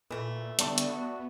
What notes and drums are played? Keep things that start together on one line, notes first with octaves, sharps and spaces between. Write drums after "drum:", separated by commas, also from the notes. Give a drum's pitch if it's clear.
A#2 E3 A3
D3 G3 B3 D5 A5 C#6, drum: hi-hat
drum: hi-hat
F#4